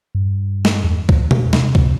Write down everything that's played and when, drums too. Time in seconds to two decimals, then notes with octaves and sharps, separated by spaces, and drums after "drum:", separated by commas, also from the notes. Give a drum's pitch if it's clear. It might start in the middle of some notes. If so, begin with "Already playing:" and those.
0.15 G2
0.65 drum: snare
0.84 E2
1.09 drum: kick C#2
1.31 drum: tom B2
1.53 C3, drum: snare
1.75 drum: kick C#2